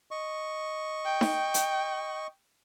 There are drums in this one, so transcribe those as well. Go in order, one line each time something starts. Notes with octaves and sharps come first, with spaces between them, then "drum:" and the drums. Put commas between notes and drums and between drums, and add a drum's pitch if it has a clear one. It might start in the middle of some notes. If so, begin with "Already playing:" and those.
D#5 C#6
G5
drum: snare D#4
drum: hi-hat